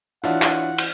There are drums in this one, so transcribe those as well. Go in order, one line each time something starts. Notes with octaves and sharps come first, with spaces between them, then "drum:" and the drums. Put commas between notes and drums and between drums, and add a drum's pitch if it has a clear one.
E3 D4 F4 F#4 C#5 E5 F#5
drum: clap
drum: cymbal